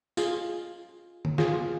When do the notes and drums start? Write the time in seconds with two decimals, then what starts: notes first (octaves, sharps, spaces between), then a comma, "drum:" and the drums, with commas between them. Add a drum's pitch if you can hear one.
0.17 F4 G#4, drum: tambourine
1.25 drum: tom
1.38 F4 G#4, drum: snare